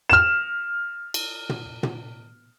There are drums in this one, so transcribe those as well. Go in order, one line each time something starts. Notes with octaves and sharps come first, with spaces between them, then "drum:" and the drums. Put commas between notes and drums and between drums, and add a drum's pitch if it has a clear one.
F6 E7
drum: cymbal
drum: tom
drum: tom